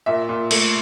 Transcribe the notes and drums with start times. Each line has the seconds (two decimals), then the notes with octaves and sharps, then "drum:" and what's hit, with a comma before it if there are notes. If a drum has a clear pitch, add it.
0.06 A#2 E5
0.29 A#2
0.51 A3, drum: cymbal